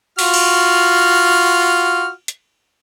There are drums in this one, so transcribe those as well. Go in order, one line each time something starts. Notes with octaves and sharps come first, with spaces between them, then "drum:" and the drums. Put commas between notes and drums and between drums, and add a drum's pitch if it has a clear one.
F4 F#4 F6, drum: open hi-hat
drum: cymbal
drum: hi-hat